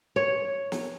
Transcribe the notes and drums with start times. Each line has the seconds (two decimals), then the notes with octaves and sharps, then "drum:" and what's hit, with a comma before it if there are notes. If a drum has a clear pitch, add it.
0.16 C#5
0.72 drum: snare